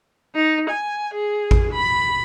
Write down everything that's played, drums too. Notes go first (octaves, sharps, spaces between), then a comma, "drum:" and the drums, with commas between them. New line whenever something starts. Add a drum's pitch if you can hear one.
D#4
G#5
G#4
drum: kick A1
B5